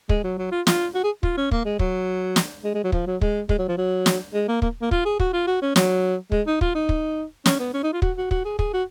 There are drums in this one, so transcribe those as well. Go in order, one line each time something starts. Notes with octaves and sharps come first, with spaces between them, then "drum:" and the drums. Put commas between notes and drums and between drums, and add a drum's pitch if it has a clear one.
G#3, drum: kick
F#3
F#3
F4
F4, drum: snare
F#4
G#4
F4, drum: kick
C#4
A#3, drum: kick
G#3
F#3, drum: kick
drum: snare
G#3
G#3
F#3
F3, drum: kick
F#3
G#3, drum: kick
G#3, drum: kick
F#3
F3
F#3
drum: snare
G#3
A#3
A#3, drum: kick
A#3
F4, drum: kick
G#4
F#4, drum: kick
F4
F#4
C#4
F#3, drum: snare
G#3, drum: kick
D#4
F4, drum: kick
D#4
drum: kick
C#4, drum: snare
B3
C#4
D#4
F4
F#4, drum: kick
F#4
F#4, drum: kick
G#4
G#4, drum: kick
F#4